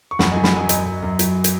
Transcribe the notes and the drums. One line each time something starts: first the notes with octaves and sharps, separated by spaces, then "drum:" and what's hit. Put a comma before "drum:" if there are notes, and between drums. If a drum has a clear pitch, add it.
C#6
F#2 F#5 B5, drum: snare
D#5 G#5
F#3
F#5 B5, drum: snare
F#3 D#5 G#5
F#2 D#5 G#5, drum: hi-hat
F#2
F#2
F#3, drum: hi-hat
drum: hi-hat